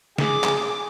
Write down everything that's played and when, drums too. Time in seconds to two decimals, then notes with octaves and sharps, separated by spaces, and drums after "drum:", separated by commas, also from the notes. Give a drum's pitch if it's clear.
0.18 G#4 D6, drum: snare
0.44 drum: clap